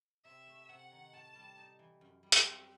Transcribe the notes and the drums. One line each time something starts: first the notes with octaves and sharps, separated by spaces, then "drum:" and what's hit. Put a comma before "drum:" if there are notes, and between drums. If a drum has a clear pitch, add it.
C3 E5
A3
C3 F#5
D#3
A2 A5
G3
D#4
E3
F#2
G3
drum: hi-hat
C4